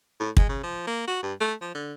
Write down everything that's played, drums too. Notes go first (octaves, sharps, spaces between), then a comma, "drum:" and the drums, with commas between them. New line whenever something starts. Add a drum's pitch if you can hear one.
A2
G#3, drum: kick
C#3
F3
A#3
F#4
G2
A3
F3
D3